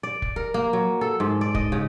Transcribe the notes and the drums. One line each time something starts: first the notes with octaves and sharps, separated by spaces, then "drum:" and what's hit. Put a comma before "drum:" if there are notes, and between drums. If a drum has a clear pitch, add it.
D5
drum: kick
A#4
A#3
F#3
A4
G#2
D5
D#5, drum: kick
C#3